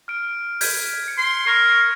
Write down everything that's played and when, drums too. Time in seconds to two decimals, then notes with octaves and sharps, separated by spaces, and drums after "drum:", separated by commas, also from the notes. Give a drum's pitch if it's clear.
0.08 F6 D7
0.61 G6 G#6 B6, drum: open hi-hat
1.04 B6 C#7
1.18 C6
1.47 A#4 C#6 G#6 C#7